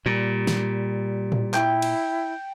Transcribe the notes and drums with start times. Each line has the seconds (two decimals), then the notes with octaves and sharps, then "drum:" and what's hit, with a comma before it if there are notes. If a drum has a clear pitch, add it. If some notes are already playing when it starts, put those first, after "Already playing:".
0.06 A#2 G3
0.47 drum: snare
1.32 drum: tom A2
1.54 E4 G5, drum: clap
1.82 drum: cymbal